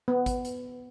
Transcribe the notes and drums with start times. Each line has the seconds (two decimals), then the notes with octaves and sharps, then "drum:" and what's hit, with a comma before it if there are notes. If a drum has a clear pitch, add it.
0.08 B3
0.26 drum: kick G#1, hi-hat
0.45 drum: hi-hat